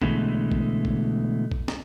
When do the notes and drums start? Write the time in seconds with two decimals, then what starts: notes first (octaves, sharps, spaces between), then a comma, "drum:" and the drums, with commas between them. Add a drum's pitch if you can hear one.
0.02 B2 D3 E3 G#3 A3, drum: kick
0.52 drum: kick
0.85 drum: kick
1.52 drum: kick
1.68 drum: snare